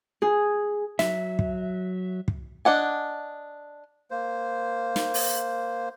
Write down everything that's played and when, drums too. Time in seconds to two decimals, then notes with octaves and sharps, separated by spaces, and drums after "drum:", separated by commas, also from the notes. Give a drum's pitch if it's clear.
0.22 G#4
0.99 F#3 E5, drum: snare
1.39 drum: kick
2.28 drum: kick
2.65 D4 D#5 F#5 G#5
4.11 A#3 C5
4.96 drum: snare
5.14 drum: open hi-hat